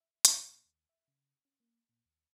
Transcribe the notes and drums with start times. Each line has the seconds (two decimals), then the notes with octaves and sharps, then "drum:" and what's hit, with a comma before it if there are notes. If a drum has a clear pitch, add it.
0.01 E5
0.25 C#5, drum: hi-hat
0.48 A#2
0.65 D#2
0.89 E5
1.08 C#3
1.45 C#4
1.60 A#3
1.89 A#2
2.05 D#2